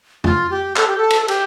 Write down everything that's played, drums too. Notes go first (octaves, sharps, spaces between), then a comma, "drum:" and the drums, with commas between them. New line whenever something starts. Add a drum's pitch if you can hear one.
F4, drum: tom F2
G4
A4, drum: clap
G4
A4
drum: cymbal
A4
G4, drum: cymbal